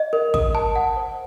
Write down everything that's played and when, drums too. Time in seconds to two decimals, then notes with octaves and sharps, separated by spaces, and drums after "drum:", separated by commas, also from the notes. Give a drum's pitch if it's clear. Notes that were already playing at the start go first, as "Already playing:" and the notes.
Already playing: D#5
0.13 A#4
0.34 D#6, drum: kick
0.55 A5
0.76 F#5
0.97 C5